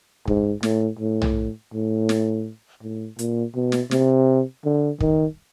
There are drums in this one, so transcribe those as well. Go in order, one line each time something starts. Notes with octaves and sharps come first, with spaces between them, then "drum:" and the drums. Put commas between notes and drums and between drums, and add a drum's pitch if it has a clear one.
G#2, drum: kick
A2, drum: snare
A2
drum: tom B1
A2
drum: snare
A2
A#2, drum: hi-hat
B2
drum: snare
C3, drum: snare
D3
D#3, drum: kick